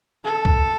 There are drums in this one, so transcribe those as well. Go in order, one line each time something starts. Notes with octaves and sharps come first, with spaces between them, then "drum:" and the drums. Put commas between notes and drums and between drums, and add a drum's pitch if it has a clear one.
A4
drum: kick C2